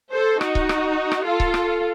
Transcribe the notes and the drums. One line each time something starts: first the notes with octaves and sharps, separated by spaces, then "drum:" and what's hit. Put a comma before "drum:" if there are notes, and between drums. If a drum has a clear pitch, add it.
A4 C5
D#4 F#4, drum: rim click
drum: kick C#1
drum: rim click
drum: rim click
F4 A4
drum: kick C#1
drum: rim click